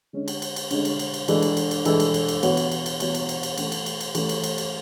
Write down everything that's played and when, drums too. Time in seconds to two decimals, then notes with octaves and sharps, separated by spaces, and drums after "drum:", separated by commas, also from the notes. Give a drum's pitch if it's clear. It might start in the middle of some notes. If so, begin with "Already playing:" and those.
0.13 D3 G#3 C#4
0.28 drum: cymbal
0.42 drum: cymbal
0.56 drum: cymbal
0.71 D3 G#3 C#4, drum: cymbal
0.85 drum: cymbal
0.99 drum: cymbal
1.14 drum: cymbal
1.28 E3 G#3 D4 A4, drum: cymbal
1.42 drum: cymbal
1.57 drum: cymbal
1.71 drum: cymbal
1.85 E3 G#3 D4 A4, drum: cymbal
2.00 drum: cymbal
2.14 drum: cymbal
2.28 drum: cymbal
2.43 E3 B3 F#4 C#5, drum: cymbal
2.57 drum: cymbal
2.71 drum: cymbal
2.86 drum: cymbal
3.00 E3 B3 F#4 C#5, drum: cymbal
3.14 drum: cymbal
3.29 drum: cymbal
3.43 drum: cymbal
3.57 E3 A3 C#4, drum: cymbal
3.72 drum: cymbal
3.86 drum: cymbal
4.01 drum: cymbal
4.15 E3 A3 C#4, drum: cymbal
4.29 drum: cymbal
4.44 drum: cymbal
4.58 drum: cymbal